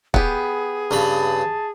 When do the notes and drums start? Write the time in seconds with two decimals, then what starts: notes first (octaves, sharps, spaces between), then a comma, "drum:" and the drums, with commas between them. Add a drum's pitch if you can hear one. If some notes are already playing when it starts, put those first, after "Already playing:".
0.14 B3 G4 G#4, drum: kick
0.91 G2 C#3 A5 B5